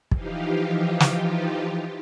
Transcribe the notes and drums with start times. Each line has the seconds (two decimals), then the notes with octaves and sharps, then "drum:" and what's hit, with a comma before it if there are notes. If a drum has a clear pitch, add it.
0.11 E3 F3 D#4 F4 G4, drum: kick
1.00 drum: snare